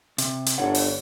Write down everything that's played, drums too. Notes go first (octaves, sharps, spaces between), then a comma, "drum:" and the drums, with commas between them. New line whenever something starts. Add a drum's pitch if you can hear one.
C3, drum: hi-hat
drum: hi-hat
G1 D4 C#5 F#5
drum: open hi-hat